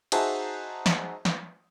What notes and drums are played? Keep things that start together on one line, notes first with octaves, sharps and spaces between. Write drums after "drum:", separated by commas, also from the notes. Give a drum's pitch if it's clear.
D#4 F#4 G#4 C5 E5 A5, drum: cymbal
drum: snare
drum: snare